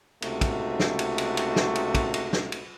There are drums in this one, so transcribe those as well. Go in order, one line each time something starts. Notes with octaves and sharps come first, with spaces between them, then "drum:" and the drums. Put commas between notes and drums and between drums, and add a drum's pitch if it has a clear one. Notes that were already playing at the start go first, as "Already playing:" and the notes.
C#2 C3 A3 D#4 F#4, drum: cymbal
drum: kick, cymbal
drum: snare
drum: cymbal
drum: cymbal
drum: cymbal
drum: snare
drum: cymbal
drum: kick, cymbal
drum: cymbal
drum: snare
drum: cymbal